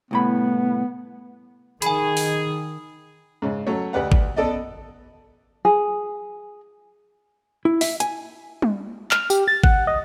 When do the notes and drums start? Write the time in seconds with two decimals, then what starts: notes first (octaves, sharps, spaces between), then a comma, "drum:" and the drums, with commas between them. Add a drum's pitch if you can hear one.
0.11 C2 A2 B3 B5
1.82 D#3 G#4 G#5 B5, drum: hi-hat
2.17 drum: open hi-hat
3.42 G#2 C#3
3.67 F#3 A3 C#4 C#5
3.93 D2 G4 B4 F#5
4.12 drum: kick G#1
4.36 B3 A4 D5 D#5
5.65 G#4
7.65 E4
7.81 E5, drum: open hi-hat
8.00 G#5, drum: hi-hat
8.62 drum: tom G3
9.11 F6, drum: clap
9.30 G4, drum: tambourine
9.48 A6
9.64 F#5, drum: kick G#1
9.87 D#5